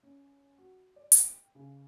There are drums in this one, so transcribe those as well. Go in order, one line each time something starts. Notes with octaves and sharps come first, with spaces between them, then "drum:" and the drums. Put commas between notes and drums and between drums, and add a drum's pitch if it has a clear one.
C#4
F#4
D5
G5, drum: hi-hat
C#3